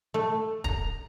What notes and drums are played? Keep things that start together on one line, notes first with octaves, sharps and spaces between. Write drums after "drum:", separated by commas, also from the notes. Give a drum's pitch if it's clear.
A3
A#5, drum: kick D1